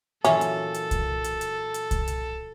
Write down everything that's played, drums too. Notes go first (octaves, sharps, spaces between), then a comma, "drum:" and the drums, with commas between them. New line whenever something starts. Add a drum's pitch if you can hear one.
A#2 E3 F#3 C#4 A4 E5, drum: hi-hat
drum: hi-hat
drum: hi-hat
drum: kick C2, hi-hat
drum: hi-hat
drum: hi-hat
drum: hi-hat
drum: kick C2, hi-hat
drum: hi-hat